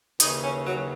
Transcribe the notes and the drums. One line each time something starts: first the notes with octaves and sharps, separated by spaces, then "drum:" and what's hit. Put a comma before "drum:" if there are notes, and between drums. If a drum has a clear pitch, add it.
D#2 C#3 E3 D#4, drum: hi-hat
C#4
F#3